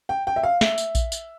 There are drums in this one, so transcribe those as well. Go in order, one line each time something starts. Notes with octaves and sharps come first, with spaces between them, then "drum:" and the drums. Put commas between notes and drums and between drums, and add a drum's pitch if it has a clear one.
G5
G5
E5
F5
E5, drum: snare
drum: tambourine
drum: kick A#1, tambourine
drum: tambourine